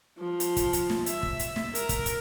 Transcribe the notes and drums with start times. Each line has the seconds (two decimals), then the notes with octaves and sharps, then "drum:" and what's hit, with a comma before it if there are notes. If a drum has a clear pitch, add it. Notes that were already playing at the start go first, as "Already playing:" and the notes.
0.18 F3
0.40 drum: hi-hat
0.56 drum: kick, hi-hat
0.73 drum: hi-hat
0.90 drum: snare
1.06 E5, drum: hi-hat
1.23 drum: kick
1.39 drum: hi-hat
1.56 drum: snare
1.75 A#4, drum: hi-hat
1.89 drum: kick, hi-hat
2.06 drum: hi-hat